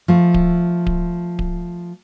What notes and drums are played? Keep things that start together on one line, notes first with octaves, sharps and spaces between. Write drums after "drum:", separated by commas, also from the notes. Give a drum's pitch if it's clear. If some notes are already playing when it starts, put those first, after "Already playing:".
F3 A3
drum: kick D1
drum: kick D1
drum: kick D1